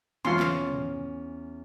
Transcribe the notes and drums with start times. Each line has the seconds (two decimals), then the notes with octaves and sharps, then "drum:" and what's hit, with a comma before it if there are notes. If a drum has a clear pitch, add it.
0.25 E2 C#4 F4 C6, drum: tom
0.40 drum: clap
0.67 drum: tom